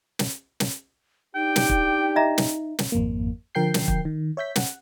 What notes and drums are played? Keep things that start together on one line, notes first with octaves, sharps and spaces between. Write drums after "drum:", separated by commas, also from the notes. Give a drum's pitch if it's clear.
drum: snare
drum: snare
D4 D#4 G4 G5
drum: snare
drum: kick
D#5 E5 A#5
drum: snare
drum: snare
G#1 F2 A#3
D3 F3 A#4 G5 G6 C7
drum: snare
drum: kick
D#3
C#5 E5 G6 B6
F#5, drum: snare